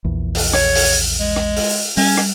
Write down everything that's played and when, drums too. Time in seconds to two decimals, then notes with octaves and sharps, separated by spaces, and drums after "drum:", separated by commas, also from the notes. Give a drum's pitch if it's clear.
0.05 A#1 E2
0.35 drum: open hi-hat
0.53 C#5, drum: rim click
0.75 drum: open hi-hat
1.19 G#3
1.36 drum: rim click
1.57 drum: open hi-hat
1.97 G3 C#4, drum: open hi-hat
2.17 drum: rim click